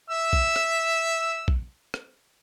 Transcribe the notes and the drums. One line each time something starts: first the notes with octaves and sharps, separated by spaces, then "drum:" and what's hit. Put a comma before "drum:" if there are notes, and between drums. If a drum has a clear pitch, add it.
E5 E6
drum: kick
drum: rim click
drum: kick
drum: rim click